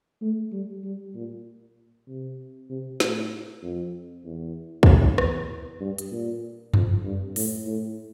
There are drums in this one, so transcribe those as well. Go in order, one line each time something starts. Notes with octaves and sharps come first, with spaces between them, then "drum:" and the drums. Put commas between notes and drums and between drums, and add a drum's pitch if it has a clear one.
A3
G3
G3
A#2
C3
C3
A2, drum: snare
F2
E2
drum: kick
E2, drum: rim click
G2
drum: hi-hat
A#2
F2, drum: tom F#2
G2
A2, drum: open hi-hat
A2